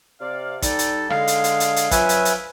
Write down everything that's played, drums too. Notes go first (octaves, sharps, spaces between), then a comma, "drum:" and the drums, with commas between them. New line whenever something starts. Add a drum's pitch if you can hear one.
C3 D5 F5
G3 D#4 A4, drum: kick, hi-hat
drum: hi-hat
D3 G#3 F5, drum: rim click
drum: hi-hat
drum: hi-hat
drum: hi-hat
drum: hi-hat
F3 F#3 C#4 B4 E5 G#5, drum: kick, hi-hat
drum: hi-hat
drum: hi-hat